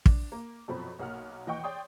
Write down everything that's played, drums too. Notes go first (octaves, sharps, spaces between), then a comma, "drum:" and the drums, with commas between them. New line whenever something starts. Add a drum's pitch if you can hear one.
D4, drum: kick
A#3
F#2 B2 F3 C4 A4 B5
B1 A#3 F#5 F6
D#2 E3 D#5 F#5 G5 C#6
C#5 D5 G5 C6 D#6